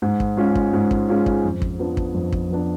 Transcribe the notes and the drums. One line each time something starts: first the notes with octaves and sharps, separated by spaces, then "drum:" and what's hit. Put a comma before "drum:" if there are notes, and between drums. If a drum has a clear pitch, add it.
G#2
drum: kick
G#3 C#4 F4
drum: kick
G#2
drum: kick
G#3 C#4 F4
drum: kick
F2
drum: kick
F3 B3 D4
drum: kick
F2
drum: kick
F3 B3 D4